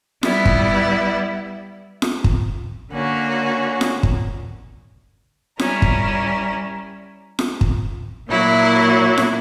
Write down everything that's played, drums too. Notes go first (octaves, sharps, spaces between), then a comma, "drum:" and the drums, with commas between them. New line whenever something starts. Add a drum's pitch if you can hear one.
G3 B3 E4, drum: snare F4
drum: kick
drum: snare F4
drum: kick
D3 A#3 C#4 F#4
drum: snare F4
drum: kick
G3 C#4 E4 A#4, drum: snare F4
drum: kick
drum: snare F4
drum: kick
A#2 F#3 A#3 E4
drum: snare F4